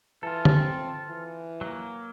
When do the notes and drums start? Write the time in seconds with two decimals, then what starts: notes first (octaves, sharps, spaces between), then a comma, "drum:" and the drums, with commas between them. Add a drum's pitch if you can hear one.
0.23 E3 F4 A4
0.45 drum: tom D3
0.57 C4
1.08 E3
1.61 F#3 A#3